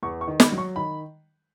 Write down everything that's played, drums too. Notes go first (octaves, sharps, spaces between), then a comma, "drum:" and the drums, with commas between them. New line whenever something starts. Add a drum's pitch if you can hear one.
E2 C#6
C#6
D#3
B5, drum: snare
F#3
C#6
D#3 B5